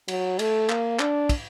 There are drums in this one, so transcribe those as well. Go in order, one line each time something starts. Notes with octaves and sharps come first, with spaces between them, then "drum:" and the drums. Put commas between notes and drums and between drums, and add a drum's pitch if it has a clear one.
F#3, drum: cymbal
A3, drum: cymbal
A#3, drum: clap
D4, drum: clap
drum: kick, cymbal